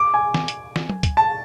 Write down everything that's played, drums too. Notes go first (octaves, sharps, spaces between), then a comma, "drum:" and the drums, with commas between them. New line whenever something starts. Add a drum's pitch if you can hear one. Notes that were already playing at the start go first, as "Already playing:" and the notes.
Already playing: D6
G#5
drum: snare
drum: hi-hat
drum: snare
drum: tom F#3
drum: kick C#2, hi-hat
A5